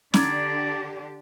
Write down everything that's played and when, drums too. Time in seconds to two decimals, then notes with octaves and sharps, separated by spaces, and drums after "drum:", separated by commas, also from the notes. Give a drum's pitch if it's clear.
0.14 D3 D4 G4 D5 A#5 D6 G#6, drum: snare C#4